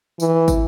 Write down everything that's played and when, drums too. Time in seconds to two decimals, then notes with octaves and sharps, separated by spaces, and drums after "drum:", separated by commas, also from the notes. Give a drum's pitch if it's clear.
0.20 E3, drum: tambourine
0.48 drum: kick, tambourine